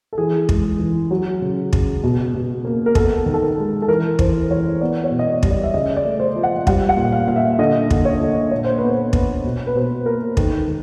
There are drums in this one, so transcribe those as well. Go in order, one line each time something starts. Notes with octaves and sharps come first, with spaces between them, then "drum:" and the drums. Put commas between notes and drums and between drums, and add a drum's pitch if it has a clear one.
A4
E3 G#4
G#3, drum: kick
E3
F#3
C#3
C#3, drum: kick
B2
B2
A#3
A#4
B3 A4, drum: kick
D#3
A4
A#4
G#3
A4
E3 A#4
E3 C5, drum: kick
E3 C#5
B3 D5
C#5
B2
D#5
D5
G3, drum: kick
D5
E5
C#3 D#5
D5
A3
C5
F3
F#5
G3 F#5, drum: kick
F#5
A#2
F5
A#2 F5
E5
D3 D#5
D3, drum: kick
C#5
D3
A#2 C#5
C5
B3 B4
C5
B3, drum: kick
B2
B4
B2 C5
A#3 A#4
D#3 A4, drum: kick
D#3